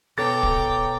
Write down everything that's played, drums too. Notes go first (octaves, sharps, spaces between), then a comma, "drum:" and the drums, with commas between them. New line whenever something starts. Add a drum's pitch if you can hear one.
B2 B3 A4 C#5 G5 A#5 D6 A6
drum: kick